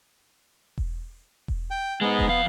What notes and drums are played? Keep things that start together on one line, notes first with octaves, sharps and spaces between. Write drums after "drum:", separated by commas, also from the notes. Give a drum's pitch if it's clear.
drum: kick E1
drum: kick E1
G5
G#3 B3 D#4
drum: kick E1
F2 F5